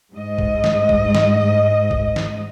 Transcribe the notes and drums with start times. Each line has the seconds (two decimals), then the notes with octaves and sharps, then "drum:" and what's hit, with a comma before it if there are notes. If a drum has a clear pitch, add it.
0.13 G#2 D#5
0.38 drum: kick
0.64 drum: snare
0.89 drum: kick
1.15 drum: snare
1.91 drum: kick
2.16 drum: snare